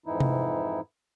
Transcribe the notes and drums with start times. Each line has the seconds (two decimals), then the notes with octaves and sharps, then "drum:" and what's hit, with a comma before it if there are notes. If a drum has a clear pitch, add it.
0.06 F2 G#2 E3 D#4 E4
0.20 drum: tom C3